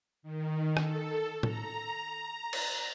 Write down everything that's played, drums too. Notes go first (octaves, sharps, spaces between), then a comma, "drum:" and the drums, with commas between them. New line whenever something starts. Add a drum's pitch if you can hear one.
D#3
A4, drum: rim click
A#5, drum: tom A2
drum: cymbal